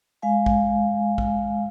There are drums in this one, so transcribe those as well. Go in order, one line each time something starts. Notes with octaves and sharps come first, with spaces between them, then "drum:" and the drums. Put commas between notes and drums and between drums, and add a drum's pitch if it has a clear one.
G#3 F5 G#5
drum: kick
drum: kick